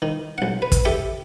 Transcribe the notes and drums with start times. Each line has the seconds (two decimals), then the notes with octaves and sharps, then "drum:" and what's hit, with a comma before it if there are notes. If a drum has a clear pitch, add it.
0.02 D#3
0.38 B1 F#5
0.62 B4
0.72 drum: kick, hi-hat
0.85 G4 A4 E5 A5